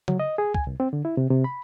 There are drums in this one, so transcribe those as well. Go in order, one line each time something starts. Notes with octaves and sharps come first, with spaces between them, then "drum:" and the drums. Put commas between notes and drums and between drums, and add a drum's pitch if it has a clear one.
F#3, drum: tom C#3
D#5
G#4
G#5, drum: kick
C2
C4
D3
E4
C3
C3
B5